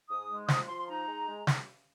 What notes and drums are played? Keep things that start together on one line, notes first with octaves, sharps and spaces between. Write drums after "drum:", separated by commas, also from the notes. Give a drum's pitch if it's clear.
G#2 D#6
G#3
F3 D#6, drum: snare
F3 C6
C6
D#4 A#5
G#3
G#3
drum: snare